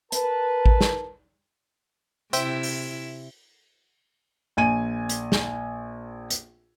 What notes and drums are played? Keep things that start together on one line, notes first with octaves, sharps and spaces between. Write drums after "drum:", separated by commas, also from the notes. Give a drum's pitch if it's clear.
A#4 B4 A5, drum: hi-hat
drum: kick A1
drum: snare
C3 E4 C5 E5 G5, drum: hi-hat
drum: open hi-hat
A#1 G#5 D#7
drum: hi-hat
drum: snare
drum: hi-hat